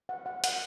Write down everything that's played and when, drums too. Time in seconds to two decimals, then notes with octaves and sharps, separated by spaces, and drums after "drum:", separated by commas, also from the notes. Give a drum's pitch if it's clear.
0.09 F#5
0.26 F#5
0.44 F#5, drum: hi-hat